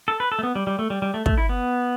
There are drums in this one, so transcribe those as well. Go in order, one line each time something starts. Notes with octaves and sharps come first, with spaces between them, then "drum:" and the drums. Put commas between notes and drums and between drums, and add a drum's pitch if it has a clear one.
A4
B4
A4
A3
B3
G3
G3
A3
G3
G3
A3
A3, drum: kick
E4
B3